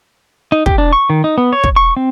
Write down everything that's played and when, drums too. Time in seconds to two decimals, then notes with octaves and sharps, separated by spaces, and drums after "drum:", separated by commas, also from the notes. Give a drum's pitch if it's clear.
0.52 D#4
0.66 G4, drum: kick
0.78 D4
0.93 C#6
1.10 D#3
1.24 D#4
1.38 B3
1.53 C#5
1.64 drum: kick
1.76 C#6
1.97 C4